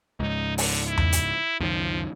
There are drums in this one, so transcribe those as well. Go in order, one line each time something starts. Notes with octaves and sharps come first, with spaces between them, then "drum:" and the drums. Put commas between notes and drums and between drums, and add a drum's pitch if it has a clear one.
C#2 G#2 D#4
D3, drum: open hi-hat
E4
drum: tom E2
drum: hi-hat
C#2 F#2 D#3 F3